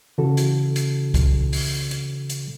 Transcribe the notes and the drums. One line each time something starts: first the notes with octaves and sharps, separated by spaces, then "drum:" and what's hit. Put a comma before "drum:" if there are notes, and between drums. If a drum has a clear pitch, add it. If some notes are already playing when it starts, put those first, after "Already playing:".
C#3 E3 F#4 A4
drum: hi-hat
drum: hi-hat
drum: kick C2, hi-hat
drum: open hi-hat
drum: hi-hat
drum: hi-hat